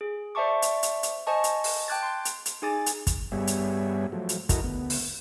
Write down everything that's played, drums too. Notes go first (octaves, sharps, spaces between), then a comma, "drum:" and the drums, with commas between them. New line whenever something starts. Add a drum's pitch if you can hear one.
G#4
C5 D5 E5 A5 C#6 D6
drum: hi-hat
drum: hi-hat
drum: hi-hat
C5 D#5 G#5 A5 C#6
drum: hi-hat
drum: open hi-hat
G5 A5 D6 F#6 G#6 A6
C6
drum: hi-hat
drum: hi-hat
D#4 G#4 G#5 D6 A6
drum: hi-hat
drum: kick, hi-hat
G2 G3 B3 G#4 C#5 E5
drum: hi-hat
F3 F#3 A3
drum: hi-hat
E4 F#4 A4 A#4 D#5, drum: kick, hi-hat
D2 B3
drum: open hi-hat